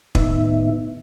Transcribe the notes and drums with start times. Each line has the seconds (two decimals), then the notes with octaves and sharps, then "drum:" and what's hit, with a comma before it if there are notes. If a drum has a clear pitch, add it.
0.15 A2 D#3 B3 D#4 E5, drum: kick